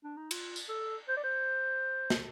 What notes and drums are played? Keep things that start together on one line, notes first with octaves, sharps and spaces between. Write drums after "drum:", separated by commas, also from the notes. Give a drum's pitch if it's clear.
D4
D#4
F4, drum: cymbal
drum: tambourine
A4
C5
D5
C5
drum: snare